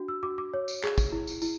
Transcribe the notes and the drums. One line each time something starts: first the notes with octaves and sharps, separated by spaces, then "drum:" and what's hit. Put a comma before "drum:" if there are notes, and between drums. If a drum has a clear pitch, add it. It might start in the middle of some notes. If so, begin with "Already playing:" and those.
Already playing: D4 F#4
E6
F#4 D6
D6
C#5
drum: tambourine
G#4, drum: clap
drum: kick, tambourine
E4
drum: tambourine
E4, drum: tambourine